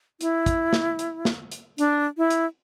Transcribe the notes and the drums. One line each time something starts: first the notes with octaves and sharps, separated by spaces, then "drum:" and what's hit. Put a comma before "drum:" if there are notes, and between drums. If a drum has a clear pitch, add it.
E4, drum: hi-hat
drum: kick, hi-hat
drum: snare
drum: hi-hat
drum: snare
drum: hi-hat
D4, drum: hi-hat
E4
drum: hi-hat